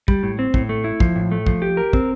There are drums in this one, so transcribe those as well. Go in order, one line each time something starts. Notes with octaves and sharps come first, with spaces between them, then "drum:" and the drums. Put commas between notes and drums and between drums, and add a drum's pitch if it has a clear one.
G3, drum: kick
A2
C4
A2, drum: kick
A3
E4
F3, drum: kick
A2
A3
F3, drum: kick
G4
A#4
C4, drum: kick